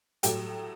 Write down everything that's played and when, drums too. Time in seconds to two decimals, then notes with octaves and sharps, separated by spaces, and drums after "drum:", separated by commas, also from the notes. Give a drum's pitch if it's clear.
0.23 A2 F#3 A3 G4 G5, drum: hi-hat